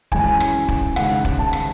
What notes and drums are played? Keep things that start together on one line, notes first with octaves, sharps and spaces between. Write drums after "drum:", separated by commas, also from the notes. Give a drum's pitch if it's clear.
F#2 E3 G#3 C#4 E4 G#5, drum: kick
drum: rim click
drum: kick
C#3 G#3 D#4 F#5, drum: rim click
drum: kick
A5
drum: rim click